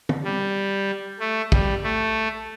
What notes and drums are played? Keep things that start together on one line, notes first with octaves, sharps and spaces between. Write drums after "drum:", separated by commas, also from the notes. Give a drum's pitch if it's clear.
drum: tom
G3
A3
G3, drum: kick
A3